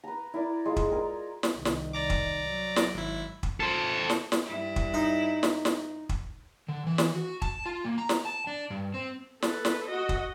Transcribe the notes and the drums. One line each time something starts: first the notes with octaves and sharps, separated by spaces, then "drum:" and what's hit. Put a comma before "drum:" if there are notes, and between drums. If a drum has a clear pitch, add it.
B4 A#5
E4 A#4 D5
G#3 F4
drum: kick
G#4 A#4
drum: snare
C2 D#3
drum: snare
D5 A#5 D6
drum: kick
F#3
drum: snare
G#1 E4
drum: kick
A4 C5
drum: snare
drum: snare
G2 E4
drum: kick
D#4
drum: snare
drum: snare
drum: kick
D3
E3
drum: snare
F#4
A5, drum: kick
F4
A#3
A#5
drum: snare
A5
D4
G2
C4
A4 B4, drum: snare
drum: snare
F#4 D#5
drum: kick